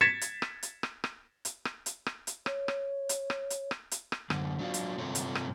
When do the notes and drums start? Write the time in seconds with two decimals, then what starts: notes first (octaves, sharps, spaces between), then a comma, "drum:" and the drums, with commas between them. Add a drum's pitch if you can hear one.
0.01 G#6 A6 B6 C#7 E7
0.21 drum: hi-hat
0.42 drum: rim click
0.63 drum: hi-hat
0.83 drum: rim click
1.04 drum: rim click
1.45 drum: hi-hat
1.65 drum: rim click
1.86 drum: hi-hat
2.06 drum: rim click
2.27 drum: hi-hat
2.46 C#5, drum: rim click
2.68 drum: rim click
3.09 drum: hi-hat
3.30 drum: rim click
3.50 drum: hi-hat
3.71 drum: rim click
3.91 drum: hi-hat
4.12 drum: rim click
4.30 F#2 D3, drum: rim click
4.59 F#3 D4 F4
4.74 drum: hi-hat
4.98 G2 C3 A3 C4 F4 C#5
5.15 drum: hi-hat
5.35 drum: rim click